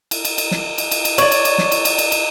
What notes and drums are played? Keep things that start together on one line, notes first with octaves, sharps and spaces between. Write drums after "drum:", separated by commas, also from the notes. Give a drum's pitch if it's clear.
drum: cymbal
drum: cymbal
drum: cymbal
drum: snare
drum: cymbal
drum: cymbal
drum: cymbal
C#5 D5 D7 F#7, drum: cymbal
drum: cymbal
drum: cymbal
drum: snare
drum: cymbal
drum: cymbal
drum: cymbal
drum: cymbal